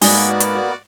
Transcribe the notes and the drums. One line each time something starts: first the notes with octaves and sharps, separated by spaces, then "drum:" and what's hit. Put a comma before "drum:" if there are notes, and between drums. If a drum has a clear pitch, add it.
G#2 A#3 B3 F#4 G#4 D5, drum: open hi-hat
drum: hi-hat